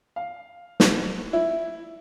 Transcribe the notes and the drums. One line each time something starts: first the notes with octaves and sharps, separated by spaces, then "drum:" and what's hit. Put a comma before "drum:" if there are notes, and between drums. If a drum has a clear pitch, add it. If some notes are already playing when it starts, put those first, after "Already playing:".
F5
drum: snare
E4